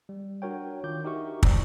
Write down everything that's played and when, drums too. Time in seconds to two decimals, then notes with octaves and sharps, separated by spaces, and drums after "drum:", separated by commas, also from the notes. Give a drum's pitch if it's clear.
0.09 G3
0.42 D4 F#4 A#4 C#5 G5
0.84 D#3 D4 F4 D6 G6
1.04 D#4 F#4 G4 A#4 E5 C#6
1.43 C5 D5 A#5 E6, drum: kick